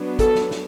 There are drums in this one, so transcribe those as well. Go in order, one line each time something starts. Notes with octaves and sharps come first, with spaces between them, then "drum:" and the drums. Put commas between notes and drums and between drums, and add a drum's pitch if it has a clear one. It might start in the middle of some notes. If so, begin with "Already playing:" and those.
Already playing: F#3 B3 D4
A4, drum: kick, hi-hat
drum: snare
drum: snare